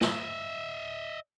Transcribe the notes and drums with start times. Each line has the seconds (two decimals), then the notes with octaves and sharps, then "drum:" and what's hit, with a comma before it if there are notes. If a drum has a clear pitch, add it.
0.01 D#5 E5, drum: snare